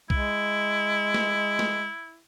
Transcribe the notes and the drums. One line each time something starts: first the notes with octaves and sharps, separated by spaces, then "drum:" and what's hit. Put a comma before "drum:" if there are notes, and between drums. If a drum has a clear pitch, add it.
G#3 E4, drum: kick B1
drum: snare
drum: snare